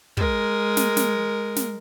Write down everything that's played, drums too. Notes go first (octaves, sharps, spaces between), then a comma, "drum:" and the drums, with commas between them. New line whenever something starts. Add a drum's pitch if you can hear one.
G#3 A#4, drum: kick
drum: snare
drum: snare
drum: snare